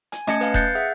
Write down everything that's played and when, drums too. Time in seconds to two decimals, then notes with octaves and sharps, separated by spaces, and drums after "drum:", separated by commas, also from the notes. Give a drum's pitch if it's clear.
0.12 G#5, drum: hi-hat
0.27 A3 C#4 D#5 A5 G#6 C#7, drum: rim click
0.41 B4 F5, drum: hi-hat
0.54 F#6 G6 A6 C7 C#7, drum: kick E1, hi-hat
0.75 G#4 E5 F#5